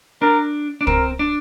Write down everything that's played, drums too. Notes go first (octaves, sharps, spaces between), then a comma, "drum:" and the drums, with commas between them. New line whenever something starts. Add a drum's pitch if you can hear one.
D4 A#4
D4
C4 A#4, drum: kick
D4